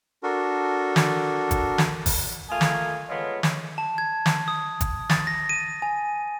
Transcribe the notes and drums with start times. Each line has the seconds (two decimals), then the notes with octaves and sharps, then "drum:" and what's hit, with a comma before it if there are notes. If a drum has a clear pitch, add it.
0.23 D4 F#4 A4 A#4
0.96 drum: snare
1.51 drum: kick, hi-hat
1.78 drum: snare
2.06 drum: kick, open hi-hat
2.50 A3 A#3 F4 D#5 G#5
2.61 drum: snare
3.09 G#3 A3 B3 F4 C#5 D#5
3.43 drum: snare
3.78 A5
3.98 G#6
4.26 drum: snare
4.48 D#6
4.81 drum: kick, hi-hat
5.10 A6, drum: snare
5.27 A#6
5.49 D#7
5.82 G#5